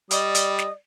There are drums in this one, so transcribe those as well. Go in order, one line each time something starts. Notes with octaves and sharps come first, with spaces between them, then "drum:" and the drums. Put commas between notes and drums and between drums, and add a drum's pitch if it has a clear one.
G3 D5 D#5 D#6, drum: hi-hat
drum: hi-hat
drum: snare